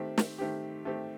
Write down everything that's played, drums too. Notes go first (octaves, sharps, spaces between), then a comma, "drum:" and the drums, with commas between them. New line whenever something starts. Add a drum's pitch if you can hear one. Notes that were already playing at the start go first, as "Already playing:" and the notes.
Already playing: D#3 A3 C4 G4
drum: snare
D#3 A3 C4 G4
D#3 A3 C4 G4